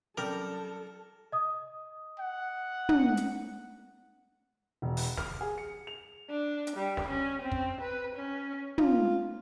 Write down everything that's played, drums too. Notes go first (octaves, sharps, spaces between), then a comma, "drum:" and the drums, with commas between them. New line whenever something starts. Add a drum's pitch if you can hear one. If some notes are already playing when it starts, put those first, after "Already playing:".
F#3 G3 C4 C#4 A4 A#4
D#5 D#6
F#5
drum: tom
drum: hi-hat
E1
drum: open hi-hat
F6, drum: snare
G#4
C#7
F7
D4
drum: hi-hat
G3
drum: snare
C#4
C4
drum: kick
B4
C#4
F4, drum: tom